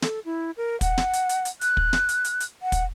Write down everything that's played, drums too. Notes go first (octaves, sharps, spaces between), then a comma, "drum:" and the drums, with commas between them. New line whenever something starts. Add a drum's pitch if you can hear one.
A4, drum: snare
E4
A#4
F#5, drum: kick, hi-hat
drum: snare
drum: hi-hat
drum: hi-hat
drum: hi-hat
F#6, drum: hi-hat
drum: kick
drum: snare
drum: hi-hat
drum: hi-hat
drum: hi-hat
F#5
drum: kick, hi-hat